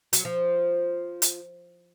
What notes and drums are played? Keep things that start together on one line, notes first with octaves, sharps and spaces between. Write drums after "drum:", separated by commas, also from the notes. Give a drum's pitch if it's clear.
F#3, drum: hi-hat
F3
drum: hi-hat